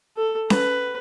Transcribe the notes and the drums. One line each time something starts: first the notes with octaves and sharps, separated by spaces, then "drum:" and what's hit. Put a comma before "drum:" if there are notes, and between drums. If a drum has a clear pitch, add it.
A4
B4, drum: snare C#4